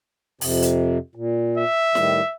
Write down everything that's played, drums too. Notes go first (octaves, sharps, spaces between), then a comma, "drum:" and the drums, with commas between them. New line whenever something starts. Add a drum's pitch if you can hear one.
F2 C3, drum: open hi-hat
drum: hi-hat
A#2
E5
A2 D#3 G3, drum: snare E4